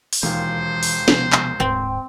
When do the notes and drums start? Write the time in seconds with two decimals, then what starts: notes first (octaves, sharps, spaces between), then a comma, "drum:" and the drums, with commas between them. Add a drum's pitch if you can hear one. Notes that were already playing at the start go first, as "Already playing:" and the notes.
0.13 drum: open hi-hat
0.23 E1 D#2 E3 F4 C5
0.83 drum: open hi-hat
1.08 C3 F3 B3, drum: snare
1.32 drum: clap
1.60 D1 G#2 C4